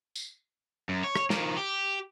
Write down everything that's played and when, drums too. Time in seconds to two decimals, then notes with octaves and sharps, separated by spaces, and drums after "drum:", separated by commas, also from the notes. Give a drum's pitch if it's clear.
0.16 drum: tambourine
0.89 F#2
1.04 C#5
1.16 drum: rim click
1.30 D#3 F3, drum: snare
1.57 G4